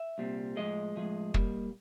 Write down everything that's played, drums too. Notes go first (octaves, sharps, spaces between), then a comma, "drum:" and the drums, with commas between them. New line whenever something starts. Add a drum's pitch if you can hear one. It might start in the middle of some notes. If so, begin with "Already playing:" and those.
Already playing: E5
C2 A#2 G3 C4
A2 F3 G#3 D#5
A2 F3 G#3
A#2 G3 A#3, drum: kick